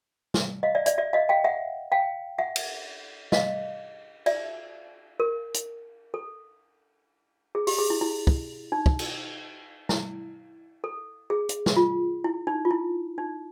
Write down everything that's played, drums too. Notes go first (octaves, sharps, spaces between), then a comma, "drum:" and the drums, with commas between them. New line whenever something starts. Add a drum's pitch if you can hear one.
drum: snare
D#5 F5
D5 E5
D5 E5, drum: hi-hat
D5 E5
D#5 F5
F5 G5
E5 F#5
F5 G5
E5 F#5
drum: cymbal
D#5 F5, drum: snare
D5 E5, drum: cymbal
A#4
drum: hi-hat
A4
G#4
G4, drum: open hi-hat
G#4
E4
E4
drum: kick
D#4
drum: kick
drum: cymbal
E4, drum: snare
A4
G#4
drum: hi-hat
drum: snare
F4
E4
D#4
F4
E4
D#4